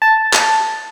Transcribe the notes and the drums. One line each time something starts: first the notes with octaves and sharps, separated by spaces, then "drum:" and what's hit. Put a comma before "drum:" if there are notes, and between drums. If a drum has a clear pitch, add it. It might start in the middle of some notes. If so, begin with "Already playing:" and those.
A5
drum: clap